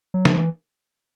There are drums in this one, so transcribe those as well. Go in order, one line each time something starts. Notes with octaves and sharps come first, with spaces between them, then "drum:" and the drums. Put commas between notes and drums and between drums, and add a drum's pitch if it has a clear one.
F#3
F3, drum: snare
E3